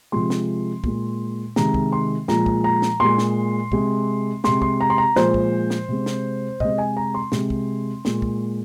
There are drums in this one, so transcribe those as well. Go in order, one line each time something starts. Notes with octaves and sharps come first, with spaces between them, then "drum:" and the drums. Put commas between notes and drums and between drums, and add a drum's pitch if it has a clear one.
C3 F3 G#3 C6
drum: snare
A#2 G#3, drum: kick
C3 D#3 G#3 A#5, drum: snare
drum: kick
C6
A#2 F3 G#3 A#5, drum: snare
drum: kick
A#5
drum: snare
A#2 G#3 C6
drum: snare
C3 G#3, drum: kick
C3 G#3 C6, drum: snare
C6, drum: kick
A#5
C6
A#5
A#2 F3 G#3 C5, drum: snare
drum: kick
drum: snare
C3 G#3
drum: snare
C3 G#3 D#5, drum: kick
G#5
A#5
C6
C3 G#3, drum: snare
drum: kick
A#2 G#3, drum: snare
drum: kick